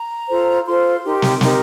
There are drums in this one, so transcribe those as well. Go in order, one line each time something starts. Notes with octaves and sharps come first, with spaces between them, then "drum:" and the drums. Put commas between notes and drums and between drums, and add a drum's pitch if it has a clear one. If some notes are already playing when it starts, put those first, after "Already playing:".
Already playing: A#5
F4 A4 C5
F4 A4 C5 C6
D#4 G4 A#4
drum: snare
D#4 G4 A#4, drum: snare